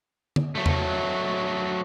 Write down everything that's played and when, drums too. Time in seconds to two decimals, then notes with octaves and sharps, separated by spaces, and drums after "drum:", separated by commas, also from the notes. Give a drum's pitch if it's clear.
0.36 drum: tom D3
0.55 F#3 A3
0.66 drum: tom E2